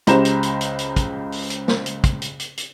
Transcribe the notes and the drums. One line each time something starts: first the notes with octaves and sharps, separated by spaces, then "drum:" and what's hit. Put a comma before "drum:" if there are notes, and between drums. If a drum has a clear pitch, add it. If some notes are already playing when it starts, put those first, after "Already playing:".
C#2 C#3 G4 C5 A#5 E7, drum: hi-hat
drum: hi-hat
drum: hi-hat
drum: hi-hat
drum: hi-hat
drum: kick, hi-hat
drum: open hi-hat
drum: hi-hat
drum: snare
drum: hi-hat
drum: kick, hi-hat
drum: hi-hat
drum: hi-hat
drum: hi-hat